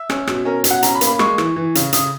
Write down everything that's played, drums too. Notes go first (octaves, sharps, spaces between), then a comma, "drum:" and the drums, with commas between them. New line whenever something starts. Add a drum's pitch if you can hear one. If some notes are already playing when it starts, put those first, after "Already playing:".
Already playing: E5
C#4, drum: rim click
B2, drum: rim click
C#4 A#4
B2, drum: hi-hat
F#5
C#4 A#5, drum: hi-hat
B5
A#3, drum: hi-hat
B5
G#3 C#6, drum: rim click
E3, drum: rim click
E3
C#3, drum: hi-hat
C#3 D#6, drum: hi-hat